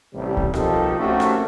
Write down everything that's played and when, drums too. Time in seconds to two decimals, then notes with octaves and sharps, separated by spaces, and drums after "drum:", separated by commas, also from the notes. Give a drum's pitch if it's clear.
0.13 A1 C3 G3
0.37 drum: kick C2
0.54 B2 F3 A#3 D#4 G4 A4, drum: rim click
0.99 A3 A#3 C4 C#4 F#4 G4
1.20 drum: rim click